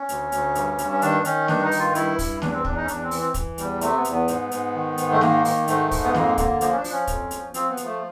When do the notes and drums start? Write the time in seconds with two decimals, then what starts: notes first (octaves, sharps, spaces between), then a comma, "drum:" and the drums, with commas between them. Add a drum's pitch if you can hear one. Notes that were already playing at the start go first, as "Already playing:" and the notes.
Already playing: C#4
0.09 D2, drum: hi-hat
0.32 D2, drum: hi-hat
0.55 G2, drum: hi-hat
0.78 G2, drum: hi-hat
0.91 C#4
1.02 D#3 D4, drum: hi-hat
1.25 D#3 C#4, drum: hi-hat
1.48 G2 D4, drum: snare
1.64 D#4
1.71 D#3, drum: open hi-hat
1.79 F4
1.95 G2 E4, drum: hi-hat
2.19 G2, drum: kick, open hi-hat
2.42 E2 D4, drum: snare
2.53 C4
2.65 E2 D4, drum: kick
2.77 D#4
2.83 C#4
2.88 E2 D4, drum: hi-hat
3.04 C4
3.11 E3, drum: open hi-hat
3.19 C4
3.34 E3, drum: kick, hi-hat
3.58 E2 G3, drum: hi-hat
3.81 C3 A3, drum: hi-hat
3.97 B3
4.05 E2, drum: hi-hat
4.12 B3
4.28 G#2, drum: hi-hat
4.51 G#2, drum: hi-hat
4.75 D#3
4.98 G#2, drum: hi-hat
5.12 A3
5.21 D#3 A#3, drum: snare
5.45 D#3, drum: open hi-hat
5.68 G#2 A3, drum: hi-hat
5.91 G#2, drum: kick, open hi-hat
6.04 B3
6.14 F2 A#3, drum: snare
6.38 D3 A#3, drum: kick, hi-hat
6.61 F3 A#3, drum: hi-hat
6.72 C#4
6.76 D4
6.84 F3, drum: open hi-hat
6.92 C#4
7.07 F2, drum: kick, hi-hat
7.31 F3, drum: hi-hat
7.54 F3 C4, drum: hi-hat
7.70 B3
7.77 F3, drum: hi-hat
7.85 A3